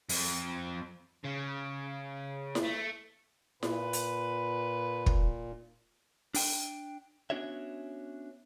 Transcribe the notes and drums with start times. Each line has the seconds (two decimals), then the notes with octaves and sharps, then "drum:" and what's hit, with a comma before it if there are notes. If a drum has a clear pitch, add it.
0.09 F2, drum: open hi-hat
1.24 C#3
2.55 drum: snare E4
2.65 A3
3.63 A#2 B4, drum: snare E4
3.93 drum: hi-hat
5.06 drum: kick
6.34 D4 G5, drum: open hi-hat
7.30 B3 C#4 D4 F#4 C#5 E5